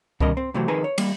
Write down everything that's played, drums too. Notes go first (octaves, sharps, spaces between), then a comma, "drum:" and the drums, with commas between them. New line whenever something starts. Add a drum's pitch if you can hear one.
B2 D#3 G3 C#4 A#4 D#5, drum: kick C#2
C4
C3 E3 F#3 A3 C4 G4
F2 D#3 G#4 B4 G#5 A#5
C#5
G3 A#3, drum: cymbal